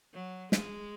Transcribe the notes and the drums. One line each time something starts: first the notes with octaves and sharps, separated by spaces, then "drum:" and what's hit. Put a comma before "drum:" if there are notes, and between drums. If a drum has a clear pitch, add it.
F#3
G#3, drum: snare